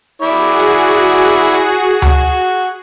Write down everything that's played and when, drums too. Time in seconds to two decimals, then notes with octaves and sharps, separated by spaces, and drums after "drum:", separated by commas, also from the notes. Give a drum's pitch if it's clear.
0.22 E4 F#4 G#4 D5
0.59 drum: hi-hat
1.54 drum: hi-hat
2.02 F#4, drum: tom C#2